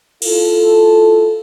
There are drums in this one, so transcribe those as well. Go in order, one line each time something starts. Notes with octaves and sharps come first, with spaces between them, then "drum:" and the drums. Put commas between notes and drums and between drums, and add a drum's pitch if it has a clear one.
E4 F4 A4, drum: cymbal